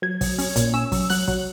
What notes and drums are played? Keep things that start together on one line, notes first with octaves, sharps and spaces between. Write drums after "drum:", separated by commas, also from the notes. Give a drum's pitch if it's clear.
F#3 G#6
F#3, drum: kick, open hi-hat
C#4, drum: open hi-hat
A#2, drum: kick, hi-hat
C#4 E6
F#3, drum: kick, open hi-hat
F#3 F#6, drum: open hi-hat
F#3, drum: kick